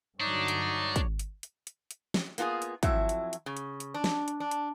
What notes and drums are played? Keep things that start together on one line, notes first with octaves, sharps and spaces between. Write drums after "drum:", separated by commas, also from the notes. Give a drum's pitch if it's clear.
G2 D3 F#3 D4 D#4 C#5 D5
drum: hi-hat
drum: kick, hi-hat
drum: hi-hat
drum: hi-hat
drum: hi-hat
drum: hi-hat
drum: snare
A#3 B3 F4 G4 G#4, drum: hi-hat
drum: hi-hat
F2 F#3 E4 E5, drum: kick, hi-hat
drum: hi-hat
drum: hi-hat
C#3
drum: hi-hat
drum: hi-hat
D4
drum: snare
drum: hi-hat
D4
drum: hi-hat